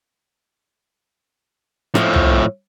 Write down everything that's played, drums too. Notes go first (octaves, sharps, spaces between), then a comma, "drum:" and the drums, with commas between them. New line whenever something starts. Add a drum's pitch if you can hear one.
A2 F3, drum: rim click
drum: tom C2